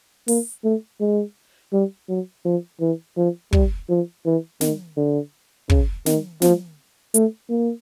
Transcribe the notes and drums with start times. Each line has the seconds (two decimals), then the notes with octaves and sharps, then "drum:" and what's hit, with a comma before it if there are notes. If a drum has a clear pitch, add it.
0.28 A#3, drum: open hi-hat
0.64 A3
1.00 G#3
1.73 G3
2.09 F#3
2.45 F3
2.81 E3
3.17 F3
3.53 G3, drum: kick
3.89 F3
4.26 E3
4.61 D#3, drum: snare
4.97 D3
5.70 C#3, drum: kick
6.06 D#3, drum: snare
6.42 F3, drum: snare
7.14 A3, drum: hi-hat
7.50 A#3